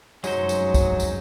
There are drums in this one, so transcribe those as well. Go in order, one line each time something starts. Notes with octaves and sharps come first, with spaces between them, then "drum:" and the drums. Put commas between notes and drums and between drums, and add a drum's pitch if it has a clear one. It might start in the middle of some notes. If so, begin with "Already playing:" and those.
F1 F#2 F#3 G#3 D#4 C5, drum: tambourine
drum: tambourine
drum: kick, tambourine
drum: tambourine